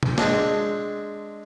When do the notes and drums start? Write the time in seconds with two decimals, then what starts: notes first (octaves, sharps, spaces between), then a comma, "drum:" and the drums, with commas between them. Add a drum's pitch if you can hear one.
0.03 drum: tom
0.18 G#3 C4 D4, drum: snare